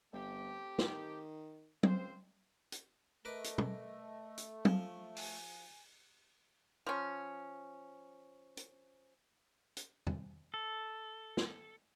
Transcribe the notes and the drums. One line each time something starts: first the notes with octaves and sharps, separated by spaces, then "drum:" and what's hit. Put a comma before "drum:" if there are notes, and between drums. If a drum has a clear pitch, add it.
G1 A3 C4 G4
D#3, drum: snare
C#2 A#3 C4 C5, drum: tom
drum: hi-hat
A3 A#4 B4 D#5 D6
drum: hi-hat
drum: tom
drum: hi-hat
F3 F4, drum: tom
G#5, drum: open hi-hat
F3 C#4
drum: hi-hat
drum: hi-hat
drum: tom E2
A4
drum: snare